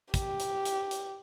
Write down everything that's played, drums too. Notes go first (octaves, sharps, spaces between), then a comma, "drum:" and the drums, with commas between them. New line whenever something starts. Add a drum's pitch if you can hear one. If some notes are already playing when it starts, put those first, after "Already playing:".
G4, drum: kick, hi-hat
drum: hi-hat
drum: hi-hat
drum: hi-hat